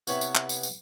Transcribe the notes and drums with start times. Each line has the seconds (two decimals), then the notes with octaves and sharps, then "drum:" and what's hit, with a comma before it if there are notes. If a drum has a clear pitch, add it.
0.07 C3 B3 E4 B4 C#5, drum: tambourine
0.21 drum: tambourine
0.35 drum: clap
0.49 drum: tambourine
0.63 drum: tambourine